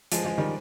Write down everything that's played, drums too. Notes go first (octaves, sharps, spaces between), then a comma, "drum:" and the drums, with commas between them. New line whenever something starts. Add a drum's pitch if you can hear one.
F3 G#3, drum: hi-hat
F3 G#3
D#3 G3